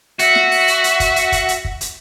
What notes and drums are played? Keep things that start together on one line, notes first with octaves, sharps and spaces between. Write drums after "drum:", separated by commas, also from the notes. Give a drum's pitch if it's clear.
F#4 E5, drum: hi-hat
drum: snare
drum: open hi-hat
drum: hi-hat
drum: hi-hat
drum: kick, hi-hat
drum: hi-hat
drum: kick, hi-hat
drum: hi-hat
drum: kick
drum: hi-hat